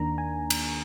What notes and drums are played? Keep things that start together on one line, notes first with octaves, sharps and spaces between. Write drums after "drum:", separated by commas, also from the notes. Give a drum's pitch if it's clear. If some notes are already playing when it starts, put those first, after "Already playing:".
Already playing: D#2 D#3 A#3 D4 A#5
G#5
drum: cymbal